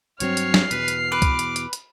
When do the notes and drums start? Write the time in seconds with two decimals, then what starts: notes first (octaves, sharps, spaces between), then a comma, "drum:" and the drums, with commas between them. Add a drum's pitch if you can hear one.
0.20 G2 F#3 C4 C#5 F6 C7, drum: hi-hat
0.37 drum: hi-hat
0.54 drum: snare
0.71 E2 B2 B4, drum: hi-hat
0.88 drum: hi-hat
1.12 B4 D6
1.22 drum: kick C2, hi-hat
1.39 drum: hi-hat
1.56 drum: hi-hat
1.73 drum: hi-hat